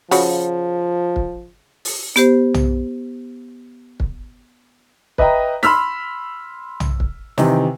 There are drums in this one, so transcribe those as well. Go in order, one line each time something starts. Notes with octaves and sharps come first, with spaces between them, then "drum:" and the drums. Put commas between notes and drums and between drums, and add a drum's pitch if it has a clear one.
C#3 F3 F#4 B5, drum: open hi-hat
drum: kick
drum: open hi-hat
B3 G4 C5, drum: hi-hat
drum: tom
drum: kick
B4 D#5 E5 G5 A#5, drum: kick
B5 C6 E6 F6 B6, drum: snare
drum: tom
drum: kick
C3 D#3 E3, drum: snare